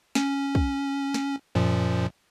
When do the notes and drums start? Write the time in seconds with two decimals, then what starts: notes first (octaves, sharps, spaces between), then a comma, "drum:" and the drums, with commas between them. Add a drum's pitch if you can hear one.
0.15 C#4, drum: snare
0.55 drum: kick
1.14 drum: snare
1.55 F#2 A#2 F3